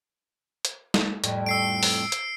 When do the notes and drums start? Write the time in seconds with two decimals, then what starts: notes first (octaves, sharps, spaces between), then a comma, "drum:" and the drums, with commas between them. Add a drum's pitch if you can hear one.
0.65 drum: hi-hat
0.94 drum: snare
1.24 F2 A2 G3, drum: hi-hat
1.46 E6 C7 D7
1.83 drum: open hi-hat
2.12 drum: hi-hat